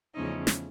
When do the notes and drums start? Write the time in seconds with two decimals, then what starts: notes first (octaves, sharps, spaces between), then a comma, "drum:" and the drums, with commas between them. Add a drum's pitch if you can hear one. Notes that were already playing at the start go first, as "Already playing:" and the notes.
0.14 E2 C#3 F3 A3 C#4 D#4 D#5
0.47 drum: snare